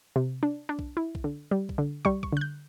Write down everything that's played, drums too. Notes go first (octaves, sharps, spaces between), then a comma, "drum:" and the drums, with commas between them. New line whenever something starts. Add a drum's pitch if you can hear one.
C3
D4
D4
drum: kick
E4
drum: kick
D3
G3
drum: kick
D3
G3 C#6, drum: kick
C#6, drum: kick
D3 F#6
G6